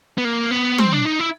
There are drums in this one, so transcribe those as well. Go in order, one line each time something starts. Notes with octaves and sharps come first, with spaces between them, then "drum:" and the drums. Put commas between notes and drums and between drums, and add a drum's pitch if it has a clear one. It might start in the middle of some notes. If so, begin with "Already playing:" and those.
B3
A#3
B3
C4, drum: tom
D4
D#4
E4